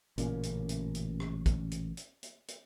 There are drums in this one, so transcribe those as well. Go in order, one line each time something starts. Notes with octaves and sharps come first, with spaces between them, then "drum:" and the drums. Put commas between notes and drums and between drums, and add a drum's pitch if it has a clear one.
A1 A#2 C#3 A#3, drum: hi-hat
drum: hi-hat
drum: hi-hat
drum: hi-hat
drum: rim click
drum: kick, hi-hat
drum: hi-hat
drum: hi-hat
drum: hi-hat
drum: hi-hat